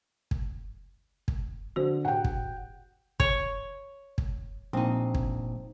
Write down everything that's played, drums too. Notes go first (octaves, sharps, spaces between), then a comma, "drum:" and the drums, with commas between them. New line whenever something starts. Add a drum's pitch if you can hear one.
drum: kick
drum: kick
D3 F#4 C5
A2 F#5 G5
drum: kick
C#5, drum: kick
drum: kick
A#1 C4 D#4
drum: kick